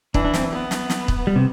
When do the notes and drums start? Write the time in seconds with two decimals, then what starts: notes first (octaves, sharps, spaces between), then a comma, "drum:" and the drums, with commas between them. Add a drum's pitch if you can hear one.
0.14 E3 D4, drum: kick
0.25 D4
0.34 C4, drum: snare
0.53 B3
0.71 drum: snare
0.90 drum: snare
1.08 drum: kick
1.27 G3
1.36 C3